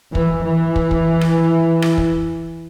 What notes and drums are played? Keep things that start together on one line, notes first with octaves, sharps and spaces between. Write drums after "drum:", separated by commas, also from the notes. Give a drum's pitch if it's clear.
E3, drum: kick
E3
drum: kick
drum: kick
drum: rim click
drum: rim click
drum: kick